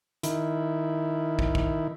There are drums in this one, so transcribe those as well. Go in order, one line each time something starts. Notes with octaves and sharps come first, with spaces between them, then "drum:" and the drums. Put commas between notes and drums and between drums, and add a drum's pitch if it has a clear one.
D#3 E4, drum: hi-hat
drum: kick
drum: kick